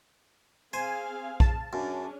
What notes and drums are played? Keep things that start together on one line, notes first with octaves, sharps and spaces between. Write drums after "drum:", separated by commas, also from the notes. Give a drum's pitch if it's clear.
C4 G#4 C5 F5 G#5
A5, drum: kick A#1
F#2 C#4 D4 G#4